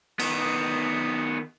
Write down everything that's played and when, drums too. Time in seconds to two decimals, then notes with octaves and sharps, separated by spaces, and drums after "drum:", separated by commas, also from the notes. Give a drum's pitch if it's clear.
0.20 D#3 B3, drum: cymbal